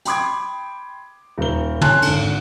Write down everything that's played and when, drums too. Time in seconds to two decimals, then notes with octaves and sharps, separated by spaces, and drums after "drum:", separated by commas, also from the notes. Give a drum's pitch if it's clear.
0.05 G5 B5 C6 D6 D#6 G#6, drum: hi-hat
1.38 D#1 A#4 G7
1.81 C#5 G#5 A5 C6 F#6, drum: tom
2.02 G#1 D3, drum: cymbal